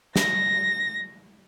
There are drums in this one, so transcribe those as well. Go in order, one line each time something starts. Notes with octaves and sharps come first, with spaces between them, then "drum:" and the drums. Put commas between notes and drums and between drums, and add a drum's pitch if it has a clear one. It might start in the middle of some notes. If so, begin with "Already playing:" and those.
A#6, drum: snare